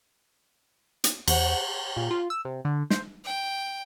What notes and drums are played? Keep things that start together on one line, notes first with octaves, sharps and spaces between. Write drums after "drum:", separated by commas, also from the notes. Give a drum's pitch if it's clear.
drum: hi-hat
E2 C5 F#5, drum: cymbal
A#2
F4
E6
C3
D3
C5, drum: snare
G5